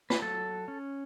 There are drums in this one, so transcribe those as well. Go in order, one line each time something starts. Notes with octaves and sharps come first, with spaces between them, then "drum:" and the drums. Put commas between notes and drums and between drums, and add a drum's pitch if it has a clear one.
B4, drum: snare
F#3 A4
C#4